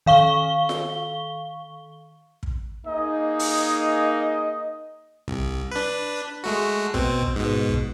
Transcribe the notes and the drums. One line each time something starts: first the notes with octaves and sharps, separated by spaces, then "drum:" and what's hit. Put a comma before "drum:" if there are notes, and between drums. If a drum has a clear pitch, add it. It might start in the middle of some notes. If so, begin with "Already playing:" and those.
D#3 F5 C#6 G7
drum: snare F4
drum: kick
A#3 D#4 G#4 D#5
drum: open hi-hat
C2, drum: kick
D4 B4
G#3 A3 F#4
B2 C4, drum: kick
drum: kick
G#2 B2
drum: kick